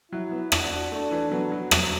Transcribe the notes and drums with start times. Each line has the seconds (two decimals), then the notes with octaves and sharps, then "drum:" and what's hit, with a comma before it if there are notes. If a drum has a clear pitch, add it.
0.11 F#3 E4
0.31 B3
0.52 D4 F#4, drum: rim click
0.72 F#4
0.91 A3 D4
1.11 E3
1.31 F#3 B3
1.52 F#3
1.71 F#3, drum: rim click